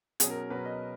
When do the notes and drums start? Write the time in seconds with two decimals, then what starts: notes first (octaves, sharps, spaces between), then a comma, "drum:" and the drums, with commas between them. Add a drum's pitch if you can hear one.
0.20 B2 F#3 C#4 G#4, drum: hi-hat
0.30 A#4
0.50 B2 F#3 C#4 B4
0.65 D#5